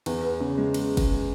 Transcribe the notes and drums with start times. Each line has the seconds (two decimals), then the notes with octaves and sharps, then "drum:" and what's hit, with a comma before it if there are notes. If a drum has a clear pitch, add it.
0.06 E2, drum: cymbal
0.23 B3
0.41 C#3
0.58 G#3
0.74 drum: cymbal
0.97 drum: kick, cymbal